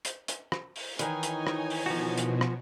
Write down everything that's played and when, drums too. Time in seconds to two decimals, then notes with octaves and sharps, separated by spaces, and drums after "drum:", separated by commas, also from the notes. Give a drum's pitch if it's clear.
0.05 drum: hi-hat
0.28 drum: hi-hat
0.52 drum: rim click
0.76 drum: open hi-hat
0.99 D#3 E3 D#4 C#5 G#5, drum: hi-hat
1.23 drum: hi-hat
1.47 drum: rim click
1.70 drum: open hi-hat
1.86 B2 F3 F#4
2.18 drum: hi-hat
2.41 drum: rim click